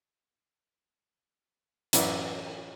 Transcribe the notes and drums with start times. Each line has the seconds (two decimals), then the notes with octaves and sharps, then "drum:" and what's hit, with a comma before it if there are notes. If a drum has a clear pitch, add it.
1.93 A1 F#2 E4 B4 D5, drum: hi-hat